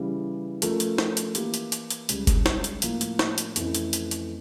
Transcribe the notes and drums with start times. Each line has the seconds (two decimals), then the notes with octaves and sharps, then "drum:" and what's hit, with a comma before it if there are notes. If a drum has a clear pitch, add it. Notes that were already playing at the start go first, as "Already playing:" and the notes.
Already playing: C#3 E3 G3
0.62 F3 A3 C#4 F4 A#4, drum: hi-hat
0.80 drum: hi-hat
0.98 drum: snare
1.17 drum: hi-hat
1.35 E3 A#3 E4 G4, drum: hi-hat
1.54 drum: hi-hat
1.72 drum: hi-hat
1.90 drum: hi-hat
2.09 C#2 C#3 G3, drum: hi-hat
2.27 drum: kick, hi-hat
2.46 drum: snare
2.64 drum: hi-hat
2.82 A2 F3 A#3, drum: hi-hat
3.01 drum: hi-hat
3.19 drum: snare
3.38 drum: hi-hat
3.56 F2 E3 A3 C#4 E4, drum: hi-hat
3.75 drum: hi-hat
3.93 drum: hi-hat
4.11 drum: hi-hat